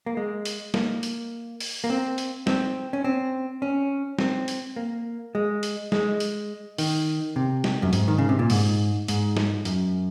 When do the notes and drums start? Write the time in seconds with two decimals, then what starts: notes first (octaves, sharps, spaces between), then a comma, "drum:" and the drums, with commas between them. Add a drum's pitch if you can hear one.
0.06 A#3
0.17 G#3
0.45 drum: hi-hat
0.74 A#3, drum: snare
1.03 drum: hi-hat
1.60 drum: open hi-hat
1.84 A#3
1.90 C4
2.18 drum: hi-hat
2.47 C4, drum: snare
2.93 C#4
3.04 C4
3.62 C#4
4.19 C4, drum: snare
4.48 drum: hi-hat
4.76 A#3
5.35 G#3
5.63 drum: hi-hat
5.92 G#3, drum: snare
6.20 drum: hi-hat
6.78 D#3, drum: open hi-hat
7.36 C3
7.64 drum: snare
7.82 F#2
7.93 G#2, drum: hi-hat
8.08 D#3
8.18 C#3
8.29 C3
8.39 A#2
8.50 G#2, drum: open hi-hat
9.08 G#2, drum: hi-hat
9.37 drum: snare
9.65 F#2, drum: hi-hat